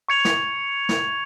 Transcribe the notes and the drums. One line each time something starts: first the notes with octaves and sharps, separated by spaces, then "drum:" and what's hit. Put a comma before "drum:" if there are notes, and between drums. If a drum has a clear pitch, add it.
C#6 G#6 C#7 F7
drum: snare
drum: snare